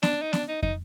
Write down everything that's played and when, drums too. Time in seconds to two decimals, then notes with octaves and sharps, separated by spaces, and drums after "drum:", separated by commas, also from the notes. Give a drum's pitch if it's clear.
0.03 D4, drum: snare B3
0.22 D#4
0.33 D4, drum: snare B3
0.48 D#4
0.63 D#4, drum: kick